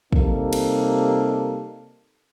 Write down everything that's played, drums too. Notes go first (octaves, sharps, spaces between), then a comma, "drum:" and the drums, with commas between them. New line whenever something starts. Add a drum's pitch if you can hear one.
C3 G3 A#3 D#4 A4, drum: kick
drum: cymbal